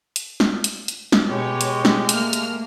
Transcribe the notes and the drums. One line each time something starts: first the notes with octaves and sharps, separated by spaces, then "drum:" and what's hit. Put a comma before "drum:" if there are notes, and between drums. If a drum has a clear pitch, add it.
drum: hi-hat
drum: snare
drum: hi-hat
drum: hi-hat
drum: snare
B2 G#3 G4 C#5
drum: hi-hat
drum: snare
A3 A#3 F6, drum: hi-hat
drum: hi-hat